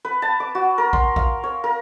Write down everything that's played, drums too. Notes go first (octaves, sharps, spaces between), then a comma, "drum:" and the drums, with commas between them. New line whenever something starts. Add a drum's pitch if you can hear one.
B4
A5
D6
F#4
A#4
C6, drum: kick A#1
F5, drum: kick A#1
C#5
A#4